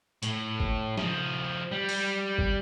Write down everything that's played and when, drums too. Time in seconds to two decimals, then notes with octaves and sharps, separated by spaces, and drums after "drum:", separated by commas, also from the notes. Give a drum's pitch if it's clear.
0.23 A2, drum: hi-hat
0.60 drum: kick G1
0.97 F3 D#4, drum: snare
1.72 G3
1.89 drum: open hi-hat
2.38 drum: kick G1